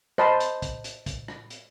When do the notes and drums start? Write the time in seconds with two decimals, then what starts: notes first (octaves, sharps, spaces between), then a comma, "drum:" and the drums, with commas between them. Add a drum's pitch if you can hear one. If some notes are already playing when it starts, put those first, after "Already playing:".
0.18 C5 D#5 A5 B5, drum: rim click
0.40 drum: hi-hat
0.62 drum: kick, hi-hat
0.84 drum: hi-hat
1.06 drum: kick, hi-hat
1.28 drum: rim click
1.50 drum: hi-hat